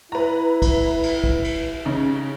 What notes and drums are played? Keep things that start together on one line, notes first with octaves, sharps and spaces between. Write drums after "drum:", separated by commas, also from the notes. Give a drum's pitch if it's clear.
E4 B4 A#5
drum: kick, cymbal
drum: cymbal
drum: kick
drum: cymbal
C#3 D#4